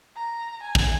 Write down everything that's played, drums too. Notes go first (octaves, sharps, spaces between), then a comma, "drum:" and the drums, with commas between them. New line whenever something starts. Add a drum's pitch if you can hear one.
A#5
G#5
drum: kick